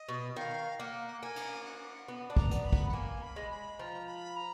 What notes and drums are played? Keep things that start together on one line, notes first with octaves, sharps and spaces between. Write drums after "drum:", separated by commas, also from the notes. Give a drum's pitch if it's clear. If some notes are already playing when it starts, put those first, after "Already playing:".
Already playing: D#5
B2
D#3 F5
A#3 F#5
A#3 G#5
drum: cymbal
F#5
B3
D4
A#5, drum: kick
B3, drum: hi-hat
B5
B3, drum: kick
F#5
A#3 G#5
B5
G#3
B5
F3 A#5
B5
A#5